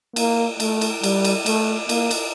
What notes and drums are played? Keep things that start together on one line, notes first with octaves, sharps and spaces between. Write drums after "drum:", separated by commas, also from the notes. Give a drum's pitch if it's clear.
A#3, drum: cymbal
A3, drum: cymbal
drum: cymbal
G3, drum: cymbal
drum: cymbal
A3, drum: cymbal
A#3, drum: cymbal
drum: cymbal